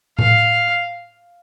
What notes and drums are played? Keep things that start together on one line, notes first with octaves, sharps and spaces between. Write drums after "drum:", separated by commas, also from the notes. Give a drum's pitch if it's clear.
F5, drum: tom A2